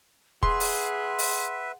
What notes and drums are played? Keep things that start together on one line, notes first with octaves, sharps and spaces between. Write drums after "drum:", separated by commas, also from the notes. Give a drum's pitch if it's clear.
G#4 B4 E5 F#5 C6, drum: kick
drum: open hi-hat
drum: open hi-hat